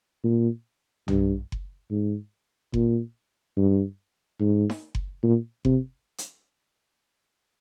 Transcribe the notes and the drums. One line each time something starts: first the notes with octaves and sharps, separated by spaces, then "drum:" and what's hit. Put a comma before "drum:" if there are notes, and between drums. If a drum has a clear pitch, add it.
A#2
G2, drum: tom B1
drum: kick F#1
G#2
A#2, drum: kick F#1
G2
G#2
drum: snare D#4
drum: kick F#1
A#2
C3, drum: kick F#1
drum: hi-hat